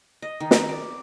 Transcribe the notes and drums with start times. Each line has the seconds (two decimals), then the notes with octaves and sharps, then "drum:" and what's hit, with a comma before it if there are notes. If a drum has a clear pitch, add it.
0.22 D#5
0.40 D#3
0.51 drum: snare
0.69 D5